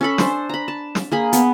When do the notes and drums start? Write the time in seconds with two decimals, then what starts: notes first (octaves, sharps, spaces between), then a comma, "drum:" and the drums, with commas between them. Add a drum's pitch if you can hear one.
0.01 C#4 A4 B5
0.18 D4 C5, drum: snare
0.49 A#5 B5
0.68 A5
0.95 drum: snare
1.12 A#3 G#4 B5
1.33 B3, drum: hi-hat